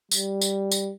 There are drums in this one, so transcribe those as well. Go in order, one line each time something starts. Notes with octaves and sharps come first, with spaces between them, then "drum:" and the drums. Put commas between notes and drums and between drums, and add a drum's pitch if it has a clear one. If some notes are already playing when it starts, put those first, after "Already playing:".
G3, drum: tambourine
drum: tambourine
drum: tambourine